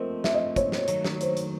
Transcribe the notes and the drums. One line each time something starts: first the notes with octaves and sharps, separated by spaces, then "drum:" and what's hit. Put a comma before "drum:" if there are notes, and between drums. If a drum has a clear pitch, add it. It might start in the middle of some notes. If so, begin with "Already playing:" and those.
Already playing: F3 A3 C4 A#4 D#5
E5, drum: snare
D#5
C#5, drum: kick, hi-hat
drum: snare
D#3 F#3 A3, drum: hi-hat
drum: snare
C5, drum: hi-hat
drum: hi-hat